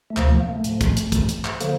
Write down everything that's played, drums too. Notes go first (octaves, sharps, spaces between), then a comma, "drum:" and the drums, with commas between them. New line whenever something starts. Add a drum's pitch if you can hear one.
A3
D2 C3 F3 A#3, drum: clap
A3
A#3
A3
A2 F3, drum: hi-hat
drum: kick, hi-hat
drum: hi-hat
G2 E3, drum: kick, hi-hat
drum: hi-hat
drum: clap
D3 F3 A#3, drum: hi-hat